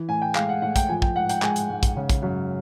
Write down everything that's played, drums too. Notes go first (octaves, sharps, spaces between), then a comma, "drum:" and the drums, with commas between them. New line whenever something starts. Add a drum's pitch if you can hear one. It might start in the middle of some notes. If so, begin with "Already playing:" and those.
Already playing: E3
A2 G#5
G5
G#3 F5, drum: clap
F#5
A2 F#5
G5, drum: kick, hi-hat
F3 G#5
G5, drum: kick
G#2 F#5
G5, drum: hi-hat
G#3 G#5, drum: clap
drum: hi-hat
G#2
drum: kick, hi-hat
C#3
drum: kick, hi-hat
F#2